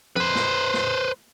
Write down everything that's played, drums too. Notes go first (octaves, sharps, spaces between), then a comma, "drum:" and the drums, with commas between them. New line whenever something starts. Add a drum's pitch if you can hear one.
B4 C5, drum: tom
drum: snare
drum: snare